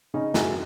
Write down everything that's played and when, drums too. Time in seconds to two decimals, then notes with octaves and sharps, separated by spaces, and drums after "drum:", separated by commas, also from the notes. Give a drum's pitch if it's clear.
0.14 C#3 C#4 D#4
0.34 F#2 F#4 G#4, drum: snare